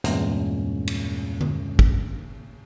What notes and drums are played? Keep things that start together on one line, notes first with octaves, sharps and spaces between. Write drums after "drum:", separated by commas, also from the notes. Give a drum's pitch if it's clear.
E2 G2 A#2 G#3 A#3 C#4, drum: hi-hat
drum: cymbal
drum: tom D3
drum: kick